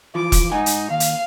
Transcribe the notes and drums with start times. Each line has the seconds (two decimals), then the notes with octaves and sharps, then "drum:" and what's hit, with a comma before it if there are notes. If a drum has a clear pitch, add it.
0.15 E3 F3 F4 D6
0.32 drum: kick E1, hi-hat
0.52 G#2 D#4 F#5 G#5
0.66 drum: hi-hat
0.90 D#2 F5
1.00 drum: hi-hat